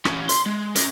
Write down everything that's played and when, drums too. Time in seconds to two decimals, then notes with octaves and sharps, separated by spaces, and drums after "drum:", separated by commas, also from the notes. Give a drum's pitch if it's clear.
0.05 E3 C#4, drum: rim click
0.29 C6, drum: hi-hat
0.46 G#3
0.76 C#4 A#4, drum: hi-hat